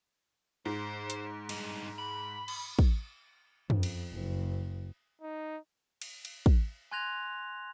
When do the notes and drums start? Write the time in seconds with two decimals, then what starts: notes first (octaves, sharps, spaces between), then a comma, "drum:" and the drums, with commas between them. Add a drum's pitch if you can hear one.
0.65 G#2 C5
1.10 drum: hi-hat
1.49 G2 D#4, drum: cymbal
1.98 B5
2.48 drum: cymbal
2.79 drum: kick
3.70 F2, drum: tom F#2
3.83 drum: cymbal
4.13 F#1
5.21 D#4
6.02 drum: cymbal
6.25 drum: cymbal
6.46 drum: kick
6.92 G#5 C6 F#6 G#6 A#6 F7